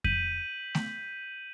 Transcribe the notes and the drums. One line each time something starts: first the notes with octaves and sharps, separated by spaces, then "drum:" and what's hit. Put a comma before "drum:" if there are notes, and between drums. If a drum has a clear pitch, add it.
G6 B6 D#7 F#7, drum: kick F2
drum: snare A3